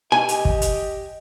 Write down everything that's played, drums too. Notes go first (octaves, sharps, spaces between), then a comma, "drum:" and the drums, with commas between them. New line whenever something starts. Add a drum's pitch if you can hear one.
G4 D#5 G#5
drum: hi-hat
drum: kick
drum: hi-hat